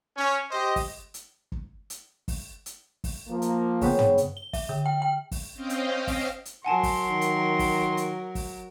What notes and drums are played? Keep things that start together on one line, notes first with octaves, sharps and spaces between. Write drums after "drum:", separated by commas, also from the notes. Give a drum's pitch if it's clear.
C#4
G4 C5 D#5
drum: kick, open hi-hat
drum: hi-hat
drum: kick
drum: hi-hat
drum: kick, open hi-hat
drum: hi-hat
drum: kick, open hi-hat
F3 A#3
drum: hi-hat
C#3 B3 C4, drum: kick, open hi-hat
drum: tom
drum: hi-hat
G7
E5, drum: kick, open hi-hat
D3
G5
G5
drum: kick, open hi-hat
C4 C#4 C5 D#5 F5 G5
drum: hi-hat
drum: kick, open hi-hat
drum: hi-hat
F#3 A#4 F#5 G#5 A5 C6
drum: kick, open hi-hat
D#3
drum: hi-hat
drum: kick, open hi-hat
drum: hi-hat
drum: kick, open hi-hat